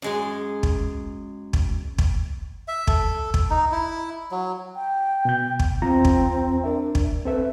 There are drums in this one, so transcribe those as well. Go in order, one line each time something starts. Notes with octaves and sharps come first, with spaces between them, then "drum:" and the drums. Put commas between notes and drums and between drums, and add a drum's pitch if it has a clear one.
F#2 G#3 G#4
drum: kick
drum: kick
drum: kick
E5
A4, drum: kick
drum: kick
D#4
E4
F#3
G5
B2 G6
drum: kick
E2 C4 F4 A#5
drum: kick
D4 A#4 E5
drum: kick
C4 A4 B4 E5